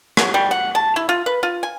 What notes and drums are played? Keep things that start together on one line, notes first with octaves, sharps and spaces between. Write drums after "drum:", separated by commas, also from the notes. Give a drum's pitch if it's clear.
F#3, drum: rim click
G3
F#5
A5
E4
F4
B4
F4
G#5